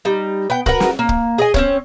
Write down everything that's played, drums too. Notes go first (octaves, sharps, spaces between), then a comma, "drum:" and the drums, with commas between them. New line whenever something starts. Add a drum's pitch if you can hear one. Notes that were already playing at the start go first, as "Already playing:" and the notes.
G3 D#4
B3 G5
F#4 A#4 B4 F#5, drum: kick
drum: snare
A#3
drum: kick
G#4 D#5 G#5
C4 C#4 C#5, drum: kick